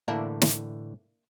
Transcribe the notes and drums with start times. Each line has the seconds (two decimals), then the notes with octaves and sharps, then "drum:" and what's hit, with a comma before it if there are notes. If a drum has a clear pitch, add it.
0.08 A2 D3 E3 A#3 D4 E4
0.42 drum: snare